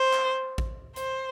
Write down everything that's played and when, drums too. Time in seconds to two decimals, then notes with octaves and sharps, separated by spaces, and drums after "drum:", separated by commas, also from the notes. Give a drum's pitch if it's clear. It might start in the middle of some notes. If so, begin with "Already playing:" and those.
Already playing: C5
0.13 drum: clap
0.58 drum: kick A1
0.96 C5, drum: hi-hat